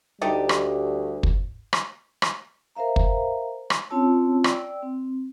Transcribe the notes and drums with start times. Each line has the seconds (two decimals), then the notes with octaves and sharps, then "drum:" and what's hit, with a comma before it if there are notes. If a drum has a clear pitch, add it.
0.21 D2 G3 A3 D#4 G4
0.49 drum: rim click
1.23 drum: kick
1.73 drum: rim click
2.22 drum: rim click
2.75 A#4 C5 E5 F5 A#5
2.96 drum: kick
3.70 drum: rim click
3.90 C4 C#4 F4 C#5 A5 E6
4.44 D5 G5 E6, drum: rim click
4.83 C4